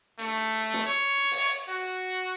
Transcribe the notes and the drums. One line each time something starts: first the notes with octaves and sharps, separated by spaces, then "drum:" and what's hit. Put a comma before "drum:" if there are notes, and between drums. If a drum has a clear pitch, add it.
A3, drum: cymbal
drum: snare
C#5
drum: open hi-hat
F#4